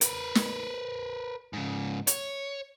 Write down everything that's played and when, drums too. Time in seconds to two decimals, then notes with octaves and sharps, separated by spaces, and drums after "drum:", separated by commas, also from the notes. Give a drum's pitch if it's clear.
0.01 A#4 B4, drum: hi-hat
0.35 drum: snare
1.53 G#2 C#3
2.07 C#5, drum: hi-hat